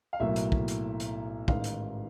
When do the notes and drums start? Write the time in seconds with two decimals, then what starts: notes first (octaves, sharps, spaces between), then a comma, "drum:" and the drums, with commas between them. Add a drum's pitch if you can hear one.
0.13 F5
0.20 B1 A2 F#3 A#3 E5
0.36 drum: hi-hat
0.52 drum: kick
0.68 drum: hi-hat
1.00 drum: hi-hat
1.48 A1 G#2 D#3 F5, drum: kick
1.64 drum: hi-hat